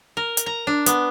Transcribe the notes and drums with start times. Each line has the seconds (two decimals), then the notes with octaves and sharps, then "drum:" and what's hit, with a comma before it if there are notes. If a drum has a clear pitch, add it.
0.17 A#4
0.37 drum: hi-hat
0.46 A#5
0.67 D4
0.86 B3, drum: hi-hat